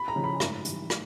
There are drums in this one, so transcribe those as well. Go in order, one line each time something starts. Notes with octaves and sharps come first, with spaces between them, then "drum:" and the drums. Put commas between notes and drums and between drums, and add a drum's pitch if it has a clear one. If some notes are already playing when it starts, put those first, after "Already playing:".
Already playing: B5
A#5
C#3 F3
B5
G#2, drum: rim click
E3 G3, drum: hi-hat
drum: rim click